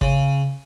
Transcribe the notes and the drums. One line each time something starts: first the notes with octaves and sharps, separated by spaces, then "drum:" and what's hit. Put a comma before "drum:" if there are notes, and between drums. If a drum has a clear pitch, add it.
C#3, drum: kick